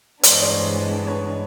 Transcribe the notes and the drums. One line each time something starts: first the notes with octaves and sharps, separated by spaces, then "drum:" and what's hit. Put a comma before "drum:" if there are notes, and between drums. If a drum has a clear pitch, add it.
G2 E3 G#3 B3 D4 C5 D5, drum: hi-hat
C#5 D#5
C5 D5
C#5 D#5
B4 C#5